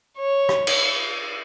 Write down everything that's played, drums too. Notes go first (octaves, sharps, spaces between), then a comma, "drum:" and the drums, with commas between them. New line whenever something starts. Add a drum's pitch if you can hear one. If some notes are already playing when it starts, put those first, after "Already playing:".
C#5
drum: rim click
drum: cymbal